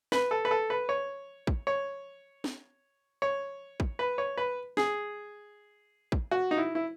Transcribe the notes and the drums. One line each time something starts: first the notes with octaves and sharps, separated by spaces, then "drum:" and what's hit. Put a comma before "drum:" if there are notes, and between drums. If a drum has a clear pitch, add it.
B4, drum: snare
A4
B4
A4
B4
C#5
drum: kick
C#5
drum: snare
C#5
drum: kick
B4
C#5
B4
G#4, drum: snare
drum: kick
F#4
D#4
E4
E4